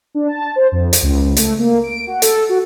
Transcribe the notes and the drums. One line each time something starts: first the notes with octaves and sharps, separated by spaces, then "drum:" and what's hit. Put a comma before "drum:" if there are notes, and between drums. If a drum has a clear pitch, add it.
D4
A5
C5
F2
drum: hi-hat
C#2
A3, drum: hi-hat
A#3
D7
F#4
A4, drum: hi-hat
F#4